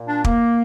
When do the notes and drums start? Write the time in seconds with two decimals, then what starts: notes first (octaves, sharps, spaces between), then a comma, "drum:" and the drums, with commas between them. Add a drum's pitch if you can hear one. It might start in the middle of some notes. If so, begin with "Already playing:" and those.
Already playing: A#2
0.08 D4
0.24 A#3, drum: kick